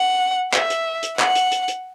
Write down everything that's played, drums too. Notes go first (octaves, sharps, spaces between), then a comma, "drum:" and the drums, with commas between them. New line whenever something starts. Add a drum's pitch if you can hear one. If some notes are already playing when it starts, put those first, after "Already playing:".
Already playing: F#5
E5, drum: clap
drum: hi-hat
drum: hi-hat
F#5, drum: clap
drum: hi-hat
drum: hi-hat
drum: hi-hat